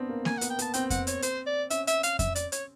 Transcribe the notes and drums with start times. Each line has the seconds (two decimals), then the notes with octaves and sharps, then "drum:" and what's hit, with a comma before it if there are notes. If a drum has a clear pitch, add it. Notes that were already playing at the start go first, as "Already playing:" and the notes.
Already playing: B3 C4 D4
0.09 A#3
0.25 A#3 G#5, drum: snare A#3
0.38 F#5
0.41 B3, drum: hi-hat
0.50 G5
0.59 B3 A5, drum: hi-hat
0.74 C4 G5, drum: hi-hat
0.90 F#5, drum: kick F2, hi-hat
1.07 C#5, drum: hi-hat
1.22 C5, drum: hi-hat
1.46 D5
1.70 C#4 E5, drum: hi-hat
1.87 E5, drum: hi-hat
2.03 F5, drum: hi-hat
2.19 E5, drum: kick F2, hi-hat
2.35 D5, drum: hi-hat
2.52 C#5, drum: hi-hat